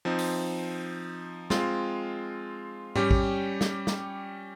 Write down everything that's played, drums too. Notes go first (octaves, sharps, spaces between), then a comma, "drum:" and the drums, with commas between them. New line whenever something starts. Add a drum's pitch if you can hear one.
F3 C4 D#4
drum: open hi-hat
G#3 C4 F4, drum: snare
G3 C#4 G4, drum: tom G#2
drum: kick A1
drum: snare
drum: snare